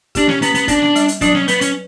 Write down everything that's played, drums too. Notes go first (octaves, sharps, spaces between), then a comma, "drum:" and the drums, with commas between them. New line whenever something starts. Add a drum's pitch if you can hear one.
D4 G4, drum: kick, hi-hat
C#4, drum: snare
B3 C#4, drum: hi-hat
B3, drum: hi-hat
B3 D4, drum: kick, hi-hat
drum: snare
G3, drum: hi-hat
drum: hi-hat
F#3 D4, drum: kick, hi-hat
C#4, drum: snare
B3 B4, drum: hi-hat
C#4, drum: hi-hat